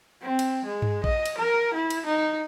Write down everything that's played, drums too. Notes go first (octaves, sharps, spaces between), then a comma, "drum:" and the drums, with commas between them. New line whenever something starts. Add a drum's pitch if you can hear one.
C4
drum: cymbal
G#3
drum: tom G2
D#5, drum: kick A#1
drum: cymbal
A#4
E4
drum: cymbal
D#4